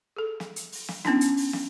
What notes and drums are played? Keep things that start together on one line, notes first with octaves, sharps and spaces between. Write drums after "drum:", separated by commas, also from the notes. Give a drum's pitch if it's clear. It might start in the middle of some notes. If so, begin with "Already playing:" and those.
G#4 A4
drum: snare
drum: hi-hat
drum: open hi-hat
drum: snare
B3 C#4 D4 E4, drum: snare
drum: hi-hat
drum: open hi-hat
drum: snare